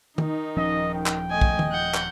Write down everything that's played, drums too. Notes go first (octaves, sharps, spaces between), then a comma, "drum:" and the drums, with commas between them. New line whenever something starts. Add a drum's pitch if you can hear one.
D#3 D#4, drum: tom D#3
D#1 F3 C#4 D#5
G5
drum: clap
A3 D#5 G#5
drum: kick
drum: tom D#3
F#5 G6
drum: clap